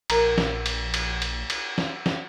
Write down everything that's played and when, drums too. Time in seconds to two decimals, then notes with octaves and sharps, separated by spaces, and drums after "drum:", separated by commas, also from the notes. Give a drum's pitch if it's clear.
0.10 A#1 A#4 A#5, drum: cymbal
0.38 drum: snare
0.66 drum: cymbal
0.94 drum: cymbal
1.22 drum: cymbal
1.50 drum: cymbal
1.78 drum: snare
2.06 drum: snare